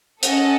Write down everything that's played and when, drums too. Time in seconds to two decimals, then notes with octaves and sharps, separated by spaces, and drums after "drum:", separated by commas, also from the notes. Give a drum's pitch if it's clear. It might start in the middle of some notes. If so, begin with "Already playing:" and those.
0.23 C#4 A4 D#5 F#5 A5, drum: hi-hat